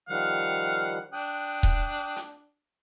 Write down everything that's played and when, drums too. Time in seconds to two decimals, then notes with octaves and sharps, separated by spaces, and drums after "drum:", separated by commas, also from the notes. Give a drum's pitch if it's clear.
0.09 D#3 F3 G3 F5 F#5
1.13 D4 G5 D#6 F#6
1.63 drum: kick D#1
2.16 drum: hi-hat